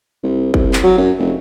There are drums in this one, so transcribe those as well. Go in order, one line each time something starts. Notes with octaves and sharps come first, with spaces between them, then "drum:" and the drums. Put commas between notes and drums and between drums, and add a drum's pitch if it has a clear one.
C2
C2, drum: kick
drum: clap
F#3
F#2
F1